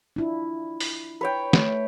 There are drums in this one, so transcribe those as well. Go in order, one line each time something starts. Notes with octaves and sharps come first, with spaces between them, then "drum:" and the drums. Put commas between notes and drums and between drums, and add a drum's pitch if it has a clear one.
D4 E4 F4
drum: open hi-hat
B4 C#5 G5
A3, drum: snare